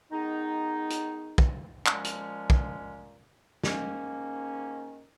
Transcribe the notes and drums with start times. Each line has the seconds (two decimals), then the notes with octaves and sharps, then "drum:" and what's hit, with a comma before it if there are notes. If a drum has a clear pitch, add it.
0.11 D#3 G#3 B3 D#4
0.90 drum: hi-hat
1.38 drum: kick
1.86 A#2 F3 G#3 C#4, drum: clap
2.04 drum: hi-hat
2.50 drum: kick
3.63 G#2 D#3 A#3 C#4, drum: snare